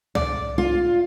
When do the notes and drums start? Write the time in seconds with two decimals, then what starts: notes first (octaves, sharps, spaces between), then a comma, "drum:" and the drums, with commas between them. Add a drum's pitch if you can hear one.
0.15 D5, drum: tom C#2
0.58 F4